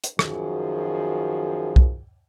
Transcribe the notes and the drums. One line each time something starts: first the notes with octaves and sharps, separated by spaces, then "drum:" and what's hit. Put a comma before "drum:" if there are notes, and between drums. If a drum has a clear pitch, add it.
drum: hi-hat
F#2 D#3 F3 F#4 G#4, drum: rim click
drum: kick